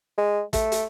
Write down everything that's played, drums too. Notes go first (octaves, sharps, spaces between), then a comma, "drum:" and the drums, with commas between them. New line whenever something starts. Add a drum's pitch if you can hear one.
G#3
A3, drum: kick, hi-hat
drum: hi-hat